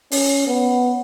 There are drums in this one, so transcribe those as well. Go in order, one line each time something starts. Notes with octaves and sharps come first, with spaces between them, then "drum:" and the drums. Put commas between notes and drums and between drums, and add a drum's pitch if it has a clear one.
C#4, drum: open hi-hat
B3